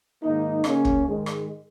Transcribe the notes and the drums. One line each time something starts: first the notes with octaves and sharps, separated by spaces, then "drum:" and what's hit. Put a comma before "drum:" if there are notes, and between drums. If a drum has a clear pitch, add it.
G#2 D#3 A#3 D#4
C#3 A#3 C#4, drum: rim click
drum: kick
G#2 D#3 G#3
drum: rim click